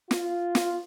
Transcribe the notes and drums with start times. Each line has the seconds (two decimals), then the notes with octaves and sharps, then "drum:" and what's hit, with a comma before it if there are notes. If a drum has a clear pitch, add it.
0.11 F4, drum: snare
0.55 drum: snare